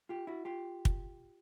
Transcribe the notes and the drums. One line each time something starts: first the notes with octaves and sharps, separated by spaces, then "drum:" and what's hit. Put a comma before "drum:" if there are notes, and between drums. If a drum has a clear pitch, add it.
F4 G4
E4 F#4
F4 G4
drum: kick